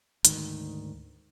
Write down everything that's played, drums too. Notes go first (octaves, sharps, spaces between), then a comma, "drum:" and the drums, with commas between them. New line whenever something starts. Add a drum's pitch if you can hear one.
D2 G#2 D#3, drum: hi-hat